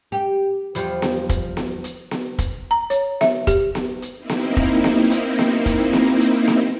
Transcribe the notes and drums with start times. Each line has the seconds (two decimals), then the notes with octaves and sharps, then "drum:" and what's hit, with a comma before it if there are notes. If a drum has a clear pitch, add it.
0.12 G4
0.75 E2 F3 G3, drum: hi-hat
1.02 drum: snare B3
1.29 drum: kick, hi-hat
1.57 drum: snare B3
1.84 drum: hi-hat
2.11 drum: snare B3
2.39 drum: kick, hi-hat
2.71 A#5
2.90 C#5, drum: hi-hat
3.21 E5, drum: snare B3
3.47 G4, drum: kick, hi-hat
3.75 drum: snare B3
4.02 drum: hi-hat
4.18 A#3 C4 D#4 E4
4.29 drum: snare B3
4.57 drum: kick
4.84 drum: snare B3
5.11 drum: hi-hat
5.39 drum: snare B3
5.66 drum: kick, hi-hat
5.93 drum: snare B3
6.20 drum: hi-hat
6.48 drum: snare B3